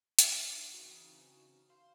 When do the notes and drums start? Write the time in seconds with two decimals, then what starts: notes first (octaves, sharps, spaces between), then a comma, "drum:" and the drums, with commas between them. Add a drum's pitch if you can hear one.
0.19 E3 C4 D#4, drum: hi-hat
0.74 C#3 F#4
1.70 C5 F5